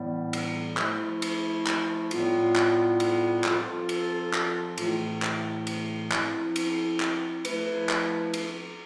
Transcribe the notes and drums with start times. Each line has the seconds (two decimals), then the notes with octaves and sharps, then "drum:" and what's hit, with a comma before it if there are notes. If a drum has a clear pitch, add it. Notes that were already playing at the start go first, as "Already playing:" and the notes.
Already playing: A2 E3 G3 B3
0.33 drum: cymbal
0.77 F3 A3 E4, drum: clap
1.22 drum: cymbal
1.67 drum: clap
2.11 A2 G3 B3 F4, drum: cymbal
2.56 drum: clap
3.00 drum: cymbal
3.44 F3 C4 F4 A4, drum: clap
3.89 drum: cymbal
4.33 drum: clap
4.78 A2 E3 A3 E4 G4, drum: cymbal
5.22 drum: clap
5.67 drum: cymbal
6.11 F3 C4 E4, drum: clap
6.56 drum: cymbal
7.00 drum: clap
7.45 F3 A3 E4 B4, drum: cymbal
7.89 drum: clap
8.34 drum: cymbal